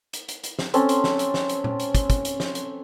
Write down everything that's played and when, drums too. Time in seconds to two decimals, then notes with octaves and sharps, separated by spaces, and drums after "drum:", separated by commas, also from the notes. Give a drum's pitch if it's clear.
0.13 drum: hi-hat
0.28 drum: hi-hat
0.44 drum: hi-hat
0.59 drum: snare
0.74 C4 C#4 A4, drum: hi-hat
0.89 drum: hi-hat
1.04 drum: snare
1.19 drum: hi-hat
1.34 drum: snare
1.49 drum: hi-hat
1.64 drum: tom A#2
1.79 drum: hi-hat
1.95 drum: kick, hi-hat
2.10 drum: kick, hi-hat
2.25 drum: hi-hat
2.40 drum: snare
2.55 drum: hi-hat